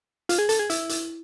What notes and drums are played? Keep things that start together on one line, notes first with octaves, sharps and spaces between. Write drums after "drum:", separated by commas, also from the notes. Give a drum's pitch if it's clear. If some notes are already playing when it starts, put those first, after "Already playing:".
F4, drum: hi-hat
G#4
A4, drum: hi-hat
G#4
E4, drum: hi-hat
drum: hi-hat